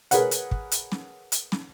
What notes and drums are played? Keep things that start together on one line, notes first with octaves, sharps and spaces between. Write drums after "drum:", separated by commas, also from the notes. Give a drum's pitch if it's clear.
G#4 A#4 B4 C#5 F#5, drum: hi-hat
drum: hi-hat
drum: kick
drum: hi-hat
drum: snare
drum: hi-hat
drum: snare